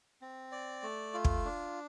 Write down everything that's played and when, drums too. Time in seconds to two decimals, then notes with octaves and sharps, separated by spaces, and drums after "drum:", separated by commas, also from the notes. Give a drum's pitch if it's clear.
0.21 C4
0.52 D5
0.83 A3
1.14 F4
1.24 drum: kick
1.45 D4